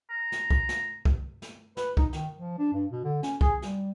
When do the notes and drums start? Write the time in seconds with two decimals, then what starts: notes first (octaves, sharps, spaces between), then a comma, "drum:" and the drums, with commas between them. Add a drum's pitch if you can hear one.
0.10 A#5
0.32 drum: snare
0.50 drum: kick
0.69 drum: snare
1.05 drum: kick
1.42 drum: snare
1.77 B4, drum: snare
1.97 D#4, drum: kick
2.13 D#3, drum: snare
2.37 F3
2.58 D4
2.73 G2
2.92 B2
3.04 D3
3.23 C#4, drum: snare
3.41 G#4, drum: kick
3.62 G3, drum: snare